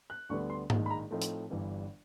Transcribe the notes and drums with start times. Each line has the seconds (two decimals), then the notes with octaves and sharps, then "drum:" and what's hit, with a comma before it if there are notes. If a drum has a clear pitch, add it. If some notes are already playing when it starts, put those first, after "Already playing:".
0.10 F#6
0.29 D2 D3 G3 B3 C#6
0.50 C6
0.70 A#1 G#2 D#3 G#3, drum: tom G#2
0.86 B5
0.90 A#5
1.11 A2 F3 A3 C4 D#4
1.22 drum: hi-hat
1.50 G1 G2 E3 G3